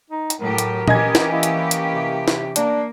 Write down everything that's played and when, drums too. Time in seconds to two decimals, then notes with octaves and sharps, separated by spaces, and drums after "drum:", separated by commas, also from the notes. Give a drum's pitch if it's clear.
0.10 D#4
0.30 drum: hi-hat
0.40 A2 F#3 G4 A#4
0.58 drum: hi-hat
0.88 E3 C#4 G4 D#5 G#5 G#6, drum: tom A#2
1.15 drum: snare
1.32 A#3 E4
1.43 drum: hi-hat
1.71 drum: hi-hat
1.94 C3
2.28 drum: snare
2.56 A#3 D4, drum: hi-hat